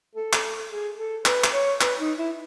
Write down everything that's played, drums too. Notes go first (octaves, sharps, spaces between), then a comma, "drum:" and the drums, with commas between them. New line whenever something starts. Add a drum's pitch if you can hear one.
A4
drum: clap
G#4
A4
B4, drum: clap
drum: clap
C#5
B4, drum: clap
D#4
E4